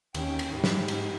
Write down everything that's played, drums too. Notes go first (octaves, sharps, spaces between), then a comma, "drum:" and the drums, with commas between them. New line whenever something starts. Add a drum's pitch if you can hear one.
D#2 C#4 G5, drum: cymbal
drum: cymbal
G#2 E4 G4
drum: snare
drum: cymbal